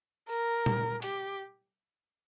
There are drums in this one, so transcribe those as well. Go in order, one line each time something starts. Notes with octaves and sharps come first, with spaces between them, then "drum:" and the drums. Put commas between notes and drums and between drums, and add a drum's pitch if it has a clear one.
A#4, drum: tambourine
drum: tom A#2
G4, drum: hi-hat